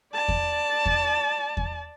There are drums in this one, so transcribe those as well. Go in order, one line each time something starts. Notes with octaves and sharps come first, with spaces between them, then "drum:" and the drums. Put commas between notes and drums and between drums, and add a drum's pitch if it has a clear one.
D5 A5
drum: kick E2
drum: kick E2
drum: kick E2